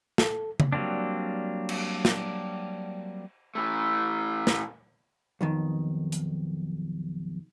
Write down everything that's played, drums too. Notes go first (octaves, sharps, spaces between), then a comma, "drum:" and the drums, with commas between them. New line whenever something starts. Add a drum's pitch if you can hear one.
A4, drum: snare
drum: tom C#3
F#3 G3 A#3 C4 D4
drum: cymbal
drum: snare
E3 A3
drum: snare
B1 F2 D#3
drum: hi-hat